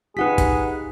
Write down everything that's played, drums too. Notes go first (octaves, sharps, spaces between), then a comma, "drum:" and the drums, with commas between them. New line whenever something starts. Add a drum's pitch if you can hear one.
D#4 F4 G4 G#4 B4 F#5 B6
drum: kick, hi-hat